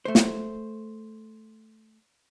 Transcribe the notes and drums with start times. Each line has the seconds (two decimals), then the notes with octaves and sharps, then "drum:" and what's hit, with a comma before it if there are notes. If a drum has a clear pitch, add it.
0.05 A3 C5
0.15 drum: snare